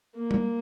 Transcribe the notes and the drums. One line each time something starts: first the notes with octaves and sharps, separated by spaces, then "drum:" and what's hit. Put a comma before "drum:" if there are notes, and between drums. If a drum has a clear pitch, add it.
A#3
drum: tom G3